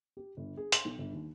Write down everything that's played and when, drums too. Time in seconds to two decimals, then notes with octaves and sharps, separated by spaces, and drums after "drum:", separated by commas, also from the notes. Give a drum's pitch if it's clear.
0.17 G4
0.37 G1
0.57 G#4
0.72 C6, drum: hi-hat
0.85 B1
0.98 G1
1.13 D#2